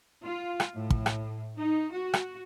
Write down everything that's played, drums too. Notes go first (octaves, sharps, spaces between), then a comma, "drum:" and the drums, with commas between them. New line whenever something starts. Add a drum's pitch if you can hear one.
F4
drum: rim click
A2
drum: kick
drum: rim click
D#4
F#4
drum: rim click